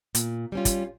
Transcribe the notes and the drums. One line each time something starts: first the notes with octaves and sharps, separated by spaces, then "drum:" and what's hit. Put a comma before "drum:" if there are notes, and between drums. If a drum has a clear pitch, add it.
A#2, drum: hi-hat
G3 C#4 F4
drum: kick, hi-hat